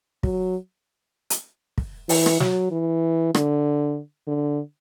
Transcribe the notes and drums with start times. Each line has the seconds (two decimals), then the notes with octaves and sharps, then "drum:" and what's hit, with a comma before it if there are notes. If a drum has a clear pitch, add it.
0.23 F#3, drum: kick
1.30 drum: hi-hat
1.78 drum: kick
2.09 E3, drum: open hi-hat
2.26 drum: rim click
2.40 F#3, drum: snare
2.71 E3
3.35 D3, drum: rim click
4.27 D3